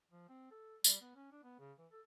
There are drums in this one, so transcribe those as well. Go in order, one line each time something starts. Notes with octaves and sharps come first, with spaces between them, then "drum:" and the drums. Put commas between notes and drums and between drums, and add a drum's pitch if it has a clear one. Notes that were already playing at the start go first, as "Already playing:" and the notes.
F3
C4
A4
G3, drum: tambourine
B3
C#4
D4
B3
C#3
E3
A4